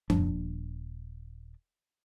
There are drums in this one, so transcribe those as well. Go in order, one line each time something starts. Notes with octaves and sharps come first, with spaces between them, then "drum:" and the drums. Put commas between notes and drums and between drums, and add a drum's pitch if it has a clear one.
D#1 F3 D4, drum: tom F2